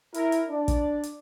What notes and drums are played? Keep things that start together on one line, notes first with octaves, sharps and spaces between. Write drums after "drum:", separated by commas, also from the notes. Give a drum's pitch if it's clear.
E4 A#4, drum: hi-hat
drum: hi-hat
D4 D5
drum: kick, hi-hat
drum: hi-hat